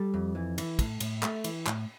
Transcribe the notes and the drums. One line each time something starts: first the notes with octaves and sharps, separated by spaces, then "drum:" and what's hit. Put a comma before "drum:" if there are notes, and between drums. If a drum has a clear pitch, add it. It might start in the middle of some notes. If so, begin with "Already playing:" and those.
Already playing: G3 A4
F2
E3
E3, drum: cymbal
A2, drum: kick, cymbal
A2, drum: cymbal
A3, drum: clap
E3, drum: cymbal
A2, drum: clap